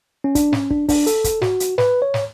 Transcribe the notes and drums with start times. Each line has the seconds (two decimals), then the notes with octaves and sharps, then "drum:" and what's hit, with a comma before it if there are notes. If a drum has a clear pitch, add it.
0.24 C#4
0.35 D4, drum: kick, hi-hat
0.53 C#4, drum: snare
0.70 D4, drum: kick
0.89 D4, drum: kick, open hi-hat
1.07 A4, drum: hi-hat
1.24 drum: kick, hi-hat
1.42 F#4, drum: snare
1.60 drum: hi-hat
1.78 B4, drum: snare
2.02 C#5
2.14 drum: snare